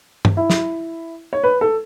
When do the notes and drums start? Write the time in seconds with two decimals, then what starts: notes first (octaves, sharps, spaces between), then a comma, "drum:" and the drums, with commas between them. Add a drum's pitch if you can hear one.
0.25 drum: tom G2
0.37 E4
0.50 drum: snare
1.33 C#5
1.44 B4
1.61 A4